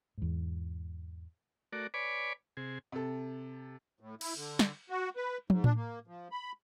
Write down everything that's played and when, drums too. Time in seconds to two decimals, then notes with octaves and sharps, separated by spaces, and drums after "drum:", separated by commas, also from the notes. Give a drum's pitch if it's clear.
0.18 E2 G#2
1.73 A3 F#4 A#4 D5
1.94 B4 C#5 D5 G#5 B5 D6
2.57 C3 G#4
2.92 C3 A4
4.01 A2
4.21 E4, drum: cymbal
4.36 D3
4.59 drum: snare
4.90 F#4
5.16 B4
5.50 G#2, drum: tom
5.64 D4, drum: tom A2
5.76 A#3
6.07 F3
6.32 B5